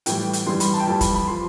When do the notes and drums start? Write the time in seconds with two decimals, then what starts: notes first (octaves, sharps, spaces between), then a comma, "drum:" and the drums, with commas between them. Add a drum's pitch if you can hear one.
0.06 A2 E3 G3 G5, drum: hi-hat
0.33 drum: hi-hat
0.46 G2 E3 G3 C6
0.60 B5, drum: hi-hat
0.73 A5
0.80 G5
0.87 F2 E3 G3 A5
1.01 B5, drum: kick, hi-hat
1.14 B5
1.27 F3 C6